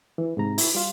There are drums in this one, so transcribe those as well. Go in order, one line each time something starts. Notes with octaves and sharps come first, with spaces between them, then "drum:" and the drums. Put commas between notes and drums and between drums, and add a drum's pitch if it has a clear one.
E3
G#2 C3 A#5
E4, drum: open hi-hat
G3 F4